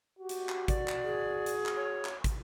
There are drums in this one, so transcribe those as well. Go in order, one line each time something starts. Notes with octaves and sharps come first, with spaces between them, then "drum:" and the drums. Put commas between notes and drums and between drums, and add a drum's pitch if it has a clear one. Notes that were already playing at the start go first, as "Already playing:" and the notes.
F#4 G4
drum: hi-hat
drum: clap
D5, drum: kick, hi-hat
drum: clap
G#4
drum: hi-hat
drum: clap
C#5
drum: clap
drum: kick, hi-hat